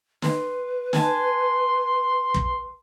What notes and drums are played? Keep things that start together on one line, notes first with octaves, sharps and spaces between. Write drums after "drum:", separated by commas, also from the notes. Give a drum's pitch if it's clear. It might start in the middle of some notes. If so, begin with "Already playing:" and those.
B4 C6, drum: snare
G#5 A5 C6, drum: snare
drum: kick